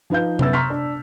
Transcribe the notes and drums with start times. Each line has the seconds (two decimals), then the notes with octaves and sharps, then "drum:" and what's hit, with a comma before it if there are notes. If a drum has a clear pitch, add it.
0.10 F3 D#4 B4 F5 G6
0.39 F#2 B3 E5 E6 A6, drum: tom C3
0.53 A#5 C6 C#6 F6 B6
0.70 D4